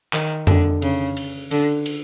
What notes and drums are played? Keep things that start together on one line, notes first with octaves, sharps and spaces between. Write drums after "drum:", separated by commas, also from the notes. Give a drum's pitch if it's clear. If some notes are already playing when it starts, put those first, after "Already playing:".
D#3, drum: clap
D3, drum: tom F2
C#3, drum: cymbal
drum: cymbal
D3, drum: cymbal
drum: cymbal